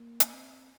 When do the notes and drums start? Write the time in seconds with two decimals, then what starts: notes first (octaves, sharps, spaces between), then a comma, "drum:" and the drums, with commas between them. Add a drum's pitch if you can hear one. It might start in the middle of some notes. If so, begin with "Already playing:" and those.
Already playing: A#3
0.20 drum: hi-hat
0.33 C4